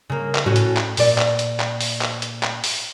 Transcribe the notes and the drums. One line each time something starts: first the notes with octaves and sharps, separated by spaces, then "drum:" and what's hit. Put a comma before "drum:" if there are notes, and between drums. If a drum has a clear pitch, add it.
C#3 A#3
drum: clap
A2 C#4 F#4
drum: hi-hat
drum: clap
A#2 D5, drum: open hi-hat
drum: clap
drum: hi-hat
drum: clap
drum: open hi-hat
drum: clap
drum: hi-hat
drum: clap
drum: open hi-hat